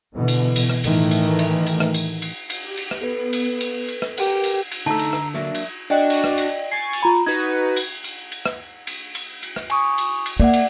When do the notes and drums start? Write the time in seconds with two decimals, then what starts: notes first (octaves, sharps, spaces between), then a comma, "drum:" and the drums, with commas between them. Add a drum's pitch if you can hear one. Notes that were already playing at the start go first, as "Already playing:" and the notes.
0.15 B2 D3 E3
0.28 drum: cymbal
0.56 drum: cymbal
0.69 drum: rim click
0.84 A2 D#3 E3 A3, drum: cymbal
1.11 drum: cymbal
1.39 drum: cymbal
1.66 drum: cymbal
1.80 drum: rim click
1.94 drum: cymbal
2.22 drum: cymbal
2.50 drum: cymbal
2.63 G4
2.77 drum: cymbal
2.91 drum: rim click
3.01 B3 A4 B4
3.33 drum: cymbal
3.61 drum: cymbal
3.88 drum: cymbal
4.02 drum: rim click
4.17 G4 A#4, drum: cymbal
4.44 drum: cymbal
4.71 drum: cymbal
4.86 D3 A3 D#4 A5 A#5 E6
4.99 drum: cymbal
5.13 drum: rim click
5.34 F#3 A#3 D4 E5
5.55 drum: cymbal
5.90 D4 F#4 D5 D#5 G5
6.10 drum: cymbal
6.24 drum: rim click
6.38 drum: cymbal
6.72 G#5 C#6 A6 C7
6.93 drum: cymbal
7.03 F4 A#5 B5
7.26 D#4 F#4 B4 G#6
7.76 drum: cymbal
8.04 drum: cymbal
8.32 drum: cymbal
8.46 drum: rim click
8.87 drum: cymbal
9.15 drum: cymbal
9.43 drum: cymbal
9.56 drum: rim click
9.70 G#5 C#6 D#6, drum: cymbal
9.98 drum: cymbal
10.26 drum: cymbal
10.40 A#3 D5 E5 F#5
10.53 drum: cymbal